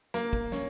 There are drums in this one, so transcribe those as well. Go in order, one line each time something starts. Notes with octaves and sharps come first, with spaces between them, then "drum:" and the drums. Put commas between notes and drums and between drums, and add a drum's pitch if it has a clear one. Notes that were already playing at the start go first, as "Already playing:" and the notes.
A#3, drum: snare
drum: kick
C#4, drum: snare